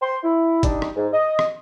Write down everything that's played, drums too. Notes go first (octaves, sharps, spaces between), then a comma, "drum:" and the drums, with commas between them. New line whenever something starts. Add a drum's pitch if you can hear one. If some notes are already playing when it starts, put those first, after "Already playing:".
C5 G5 C6
E4
G3 D4 D#4, drum: kick, hi-hat
drum: rim click
G#2
D#5
drum: rim click